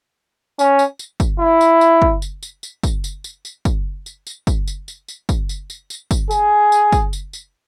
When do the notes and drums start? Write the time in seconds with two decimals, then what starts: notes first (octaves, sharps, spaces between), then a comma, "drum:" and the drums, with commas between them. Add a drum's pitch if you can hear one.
0.59 C#4, drum: tambourine
0.79 drum: tambourine
0.99 drum: tambourine
1.20 drum: kick, tambourine
1.40 E4
1.61 drum: tambourine
1.81 drum: tambourine
2.02 drum: kick
2.22 drum: tambourine
2.43 drum: tambourine
2.63 drum: tambourine
2.83 drum: kick, tambourine
3.04 drum: tambourine
3.24 drum: tambourine
3.45 drum: tambourine
3.65 drum: kick, tambourine
4.06 drum: tambourine
4.27 drum: tambourine
4.47 drum: kick, tambourine
4.68 drum: tambourine
4.88 drum: tambourine
5.08 drum: tambourine
5.29 drum: kick, tambourine
5.49 drum: tambourine
5.70 drum: tambourine
5.90 drum: tambourine
6.11 drum: kick, tambourine
6.31 G#4, drum: tambourine
6.72 drum: tambourine
6.92 drum: kick, tambourine
7.13 drum: tambourine
7.33 drum: tambourine